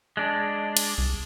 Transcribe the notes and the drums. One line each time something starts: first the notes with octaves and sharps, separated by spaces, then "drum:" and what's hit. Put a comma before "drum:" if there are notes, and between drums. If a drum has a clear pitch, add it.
G#3 D4
drum: cymbal
C2